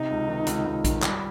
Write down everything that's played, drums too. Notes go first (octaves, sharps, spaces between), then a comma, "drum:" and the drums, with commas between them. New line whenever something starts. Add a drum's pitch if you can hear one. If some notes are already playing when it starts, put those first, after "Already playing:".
Already playing: C3 D#4
C#2
D#3
C#2, drum: hi-hat
C#2
D#3, drum: kick A#1, hi-hat
G3, drum: clap